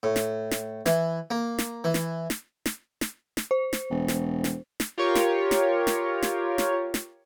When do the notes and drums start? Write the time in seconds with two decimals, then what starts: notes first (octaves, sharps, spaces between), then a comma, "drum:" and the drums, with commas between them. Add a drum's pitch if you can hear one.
0.03 A2
0.16 drum: snare
0.51 drum: snare
0.86 E3, drum: snare
1.31 A#3
1.58 drum: snare
1.84 E3
1.94 drum: snare
2.30 drum: snare
2.66 drum: snare
3.01 drum: snare
3.37 drum: snare
3.51 C5
3.73 drum: snare
3.90 E1
4.08 drum: snare
4.44 drum: snare
4.80 drum: snare
4.98 F4 G4 A#4 C#5
5.15 drum: snare
5.51 drum: snare
5.87 drum: snare
6.22 drum: snare
6.58 drum: snare
6.94 drum: snare